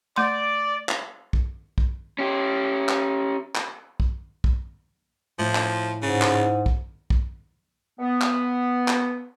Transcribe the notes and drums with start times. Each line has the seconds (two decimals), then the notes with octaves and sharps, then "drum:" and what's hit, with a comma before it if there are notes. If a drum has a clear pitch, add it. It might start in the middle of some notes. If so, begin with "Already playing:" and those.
0.16 A3 D5 C6
0.89 drum: clap
1.33 drum: kick
1.78 drum: kick
2.19 C#4 G4
2.89 drum: clap
3.55 drum: clap
4.00 drum: kick
4.44 drum: kick
5.39 A2 F3
5.55 drum: clap
6.02 G#2 C#3
6.22 drum: clap
6.66 drum: kick
7.10 drum: kick
7.99 B3
8.21 drum: clap
8.88 drum: clap